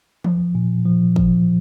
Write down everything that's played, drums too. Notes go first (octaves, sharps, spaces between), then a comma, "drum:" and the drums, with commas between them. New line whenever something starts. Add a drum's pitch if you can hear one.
F3, drum: tom E3
A#2
F3
F3, drum: kick